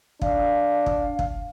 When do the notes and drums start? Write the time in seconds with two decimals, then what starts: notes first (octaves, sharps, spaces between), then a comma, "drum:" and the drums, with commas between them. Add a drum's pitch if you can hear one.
0.21 D4 F5, drum: kick
0.86 drum: kick
1.19 drum: kick